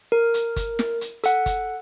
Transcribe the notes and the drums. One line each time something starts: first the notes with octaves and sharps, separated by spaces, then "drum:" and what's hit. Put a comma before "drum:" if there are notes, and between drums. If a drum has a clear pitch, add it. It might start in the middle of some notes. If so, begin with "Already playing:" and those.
A#4
drum: hi-hat
drum: kick G1, hi-hat
drum: snare
drum: hi-hat
A4 F#5, drum: hi-hat
drum: kick G1, hi-hat